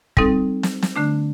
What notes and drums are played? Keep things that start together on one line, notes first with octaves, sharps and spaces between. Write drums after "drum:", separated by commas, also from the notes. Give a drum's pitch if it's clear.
G3 C4 D#4 A4, drum: kick
drum: snare
drum: snare
D3 A3 D4